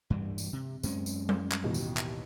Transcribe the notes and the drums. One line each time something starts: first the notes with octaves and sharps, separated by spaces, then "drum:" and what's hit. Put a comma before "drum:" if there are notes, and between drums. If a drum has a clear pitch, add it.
G2 E3 G3
drum: tambourine
C3
F#2 G#3 C4 C#4, drum: tambourine
drum: tambourine
drum: tom F#3
drum: clap
A1 D#2 B2
drum: tambourine
drum: clap